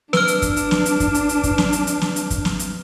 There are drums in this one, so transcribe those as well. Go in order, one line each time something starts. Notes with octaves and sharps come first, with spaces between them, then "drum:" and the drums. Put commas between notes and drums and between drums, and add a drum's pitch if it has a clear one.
D4 B4 F6, drum: snare
drum: hi-hat
drum: kick, hi-hat
drum: hi-hat
drum: snare
drum: hi-hat
drum: kick, hi-hat
drum: hi-hat
drum: hi-hat
drum: kick, hi-hat
drum: snare
drum: hi-hat
drum: hi-hat
drum: snare
drum: hi-hat
drum: kick, hi-hat
drum: snare
drum: hi-hat